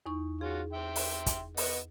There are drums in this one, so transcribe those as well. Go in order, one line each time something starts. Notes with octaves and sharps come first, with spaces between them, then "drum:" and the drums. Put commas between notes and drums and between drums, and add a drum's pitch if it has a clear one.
E2 D#4 C#6
C#4 F4 F#4 G#4
E5 G5 C6
drum: open hi-hat
drum: kick, hi-hat
B3 D#5 F#5, drum: open hi-hat